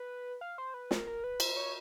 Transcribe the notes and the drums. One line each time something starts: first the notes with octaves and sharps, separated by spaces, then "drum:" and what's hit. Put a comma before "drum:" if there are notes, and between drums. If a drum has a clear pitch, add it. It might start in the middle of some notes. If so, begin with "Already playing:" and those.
Already playing: B4
F5
C5
B4
A#4, drum: snare
A#4
B4
C5, drum: cymbal
C#5